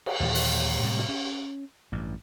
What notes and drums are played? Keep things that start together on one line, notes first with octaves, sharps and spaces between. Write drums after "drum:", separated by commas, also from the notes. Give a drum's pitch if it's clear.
drum: cymbal
D#2 A#2 E3 F#3
drum: open hi-hat
A2 C3 G3 G#3
drum: snare
C#4
A1 G2